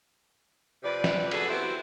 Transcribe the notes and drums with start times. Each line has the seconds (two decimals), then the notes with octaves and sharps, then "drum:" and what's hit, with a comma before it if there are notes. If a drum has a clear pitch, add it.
0.83 F2 C3 B4 D5
1.04 drum: snare
1.31 F#4 G#4 A4 B4 F#5, drum: cymbal
1.49 B3 C4 E4 F#4 G4